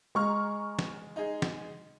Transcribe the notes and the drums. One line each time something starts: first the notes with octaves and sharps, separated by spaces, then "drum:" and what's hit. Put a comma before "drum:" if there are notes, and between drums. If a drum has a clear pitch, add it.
G#3 A#5 C#6 F6
drum: snare
D#4 G#4
drum: snare